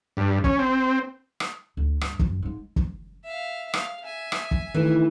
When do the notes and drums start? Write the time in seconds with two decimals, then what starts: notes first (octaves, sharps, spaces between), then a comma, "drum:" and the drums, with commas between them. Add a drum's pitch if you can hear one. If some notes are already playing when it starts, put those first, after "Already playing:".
0.17 G2
0.44 C#4, drum: kick
0.59 C4
1.40 drum: rim click
1.77 D2
2.01 G2, drum: rim click
2.19 F#2, drum: kick
2.42 G#2 G#3
2.76 drum: kick
3.24 E5 F5
3.73 F5, drum: rim click
4.03 E5 G#5
4.32 drum: rim click
4.51 drum: kick
4.74 D#3 E3 A3 E4